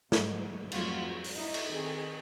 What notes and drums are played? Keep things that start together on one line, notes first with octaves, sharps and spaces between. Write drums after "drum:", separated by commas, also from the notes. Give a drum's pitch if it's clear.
G#2 F#3 G3, drum: snare
F2 F#3 G3 A3 F4 F#4, drum: cymbal
F#3
drum: open hi-hat
D#4 E4
drum: cymbal
D#3 C4 G#4 A4